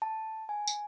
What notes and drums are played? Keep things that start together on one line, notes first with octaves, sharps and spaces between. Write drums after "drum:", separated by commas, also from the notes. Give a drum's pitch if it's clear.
A5
G#5
drum: tambourine